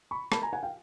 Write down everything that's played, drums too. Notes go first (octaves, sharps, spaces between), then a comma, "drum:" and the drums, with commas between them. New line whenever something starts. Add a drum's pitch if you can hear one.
B5 C#6
A5 B5, drum: rim click
G#5 A#5
F#5 G#5
F5 G5